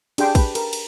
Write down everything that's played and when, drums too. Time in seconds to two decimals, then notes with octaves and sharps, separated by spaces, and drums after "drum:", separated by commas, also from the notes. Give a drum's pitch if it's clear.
0.18 D4 G4 G#4 G5 C6, drum: cymbal
0.35 B4 B5, drum: kick, cymbal
0.55 A#4, drum: cymbal
0.73 drum: cymbal